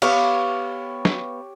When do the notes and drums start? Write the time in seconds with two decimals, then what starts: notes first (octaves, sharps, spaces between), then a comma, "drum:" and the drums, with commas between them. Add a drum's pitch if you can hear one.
0.02 B3 G4 C#5 F5 G5, drum: cymbal
1.05 drum: snare